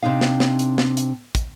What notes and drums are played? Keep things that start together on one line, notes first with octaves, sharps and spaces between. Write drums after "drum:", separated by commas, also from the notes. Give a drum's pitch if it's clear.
C3 C4 D4 D#4 F5
drum: snare
drum: snare
drum: hi-hat
drum: snare
drum: hi-hat
drum: kick, hi-hat